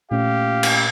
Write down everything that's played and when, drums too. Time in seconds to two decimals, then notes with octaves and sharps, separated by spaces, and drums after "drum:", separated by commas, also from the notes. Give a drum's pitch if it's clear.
0.11 A#2 A3 C#4 G4 F5
0.63 drum: cymbal